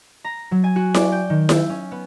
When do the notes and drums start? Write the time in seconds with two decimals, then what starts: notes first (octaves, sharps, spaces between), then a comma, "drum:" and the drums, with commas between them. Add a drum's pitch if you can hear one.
0.25 A#5
0.51 F#3
0.64 G#5
0.76 F#4
0.94 D5, drum: snare E4
1.12 G5
1.30 D#3
1.49 E6, drum: snare E4
1.70 C#4
1.92 B3